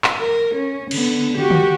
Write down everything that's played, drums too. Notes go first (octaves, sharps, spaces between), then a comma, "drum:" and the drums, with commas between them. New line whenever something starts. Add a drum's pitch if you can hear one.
drum: clap
A#4
C#4
D3 B3, drum: cymbal
F#4 G4
drum: tom D3